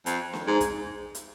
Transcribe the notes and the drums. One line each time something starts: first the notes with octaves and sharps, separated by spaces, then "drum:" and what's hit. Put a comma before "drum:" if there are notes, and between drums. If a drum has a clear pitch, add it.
F2, drum: hi-hat
drum: snare
G#2
drum: kick, hi-hat
drum: hi-hat